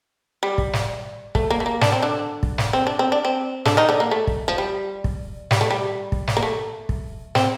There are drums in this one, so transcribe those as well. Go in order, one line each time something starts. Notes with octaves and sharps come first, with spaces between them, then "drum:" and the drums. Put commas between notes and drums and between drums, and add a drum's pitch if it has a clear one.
G3
drum: kick
drum: snare
A3, drum: kick
A#3
A3
A#3
D4, drum: snare
C4
D3 D4
drum: kick
drum: snare
C4
D4
C4
D4
C4
D3 D4, drum: snare
D#3 D#4
D3 D4
A#3
A3
drum: kick
F3
G3
drum: kick
G3, drum: snare
A3
G3
drum: kick
drum: snare
A#3
A3
drum: kick
C4, drum: snare